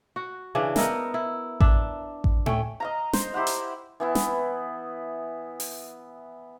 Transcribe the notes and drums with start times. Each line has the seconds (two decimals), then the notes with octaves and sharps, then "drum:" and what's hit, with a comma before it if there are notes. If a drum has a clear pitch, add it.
0.16 F#4
0.55 C#3 E3 D4
0.76 B3 D#4 E4 A#4, drum: snare
1.14 E4
1.60 D4 E5, drum: kick A1
2.24 drum: kick A1
2.46 A3 C#4 G5, drum: tom A2
2.80 D#5 F5 A#5
3.13 C5, drum: snare
3.34 E4 G4 C5 F#5
3.47 drum: hi-hat
4.00 E3 B3 E4
4.15 drum: snare
5.60 drum: open hi-hat